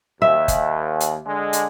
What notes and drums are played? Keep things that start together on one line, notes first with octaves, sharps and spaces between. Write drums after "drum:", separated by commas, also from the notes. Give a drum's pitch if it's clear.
D#2 E5
drum: kick F#1, hi-hat
drum: hi-hat
D3 G#3
drum: hi-hat